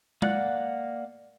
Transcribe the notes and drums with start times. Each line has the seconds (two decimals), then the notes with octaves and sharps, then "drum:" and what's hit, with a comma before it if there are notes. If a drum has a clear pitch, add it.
0.22 A#3 D5 F#5 F#6, drum: tom G#3